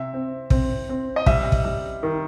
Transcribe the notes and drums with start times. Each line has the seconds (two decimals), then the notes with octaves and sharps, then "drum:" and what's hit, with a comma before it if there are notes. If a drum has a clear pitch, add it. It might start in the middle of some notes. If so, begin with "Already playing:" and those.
Already playing: C3 E5
0.14 C4
0.50 C4, drum: kick
0.89 C4
1.16 D#5
1.26 G3 E5, drum: kick
1.52 drum: kick
1.65 G3
2.03 D#3